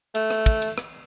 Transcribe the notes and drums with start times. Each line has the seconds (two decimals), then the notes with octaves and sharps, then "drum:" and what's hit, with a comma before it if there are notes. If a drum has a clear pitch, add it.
0.15 A3, drum: cymbal
0.30 drum: rim click
0.46 drum: kick, cymbal
0.62 drum: cymbal
0.78 drum: rim click